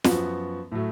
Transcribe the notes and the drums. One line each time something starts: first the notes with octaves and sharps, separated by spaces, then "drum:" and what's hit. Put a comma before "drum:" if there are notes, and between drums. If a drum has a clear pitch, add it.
F#2 F3 B3 F#4, drum: snare
A2 F#3 A3